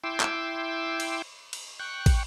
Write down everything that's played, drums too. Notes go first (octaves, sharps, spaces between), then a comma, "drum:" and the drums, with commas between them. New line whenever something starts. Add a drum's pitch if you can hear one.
E4 G5 C6 D6 E6
drum: clap
drum: cymbal
drum: cymbal
G5 C#6 F#6
drum: kick, cymbal